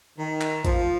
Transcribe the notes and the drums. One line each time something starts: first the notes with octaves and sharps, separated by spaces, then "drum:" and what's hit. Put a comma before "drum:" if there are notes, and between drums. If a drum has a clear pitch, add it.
D#3
drum: clap
F3, drum: kick A1, hi-hat